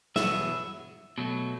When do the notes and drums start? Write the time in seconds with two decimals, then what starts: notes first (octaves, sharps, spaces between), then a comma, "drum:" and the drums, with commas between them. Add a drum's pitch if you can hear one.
0.16 E2 B2 F#3 B3 E5, drum: snare
1.18 B2 F#3 A3